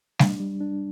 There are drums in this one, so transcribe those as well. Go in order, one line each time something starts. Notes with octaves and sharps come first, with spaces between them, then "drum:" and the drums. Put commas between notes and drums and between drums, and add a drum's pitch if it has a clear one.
D4, drum: snare G3
G3
D4